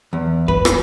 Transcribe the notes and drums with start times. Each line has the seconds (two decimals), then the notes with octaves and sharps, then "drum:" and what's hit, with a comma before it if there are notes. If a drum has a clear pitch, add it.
0.13 E2
0.48 B4, drum: kick F2
0.65 drum: rim click